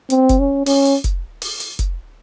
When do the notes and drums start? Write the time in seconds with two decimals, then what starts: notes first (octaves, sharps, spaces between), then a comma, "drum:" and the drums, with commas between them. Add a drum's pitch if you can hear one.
0.10 C4, drum: hi-hat
0.29 drum: kick F1, hi-hat
0.39 C#4
0.66 C#4, drum: open hi-hat
0.86 drum: hi-hat
1.04 drum: kick F1, hi-hat
1.42 drum: open hi-hat
1.60 drum: hi-hat
1.79 drum: kick F1, hi-hat